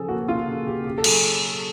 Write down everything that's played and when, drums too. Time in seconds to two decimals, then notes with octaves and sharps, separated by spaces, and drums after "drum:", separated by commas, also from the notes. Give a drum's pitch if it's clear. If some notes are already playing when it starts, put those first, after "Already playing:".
Already playing: C#3 F3 G#4 A4
0.09 A#3 F#4
0.28 A#3 F4
0.46 C#3
0.66 C#3 G4
0.85 C#3 G4
0.98 A4
1.04 F#3 G#4, drum: cymbal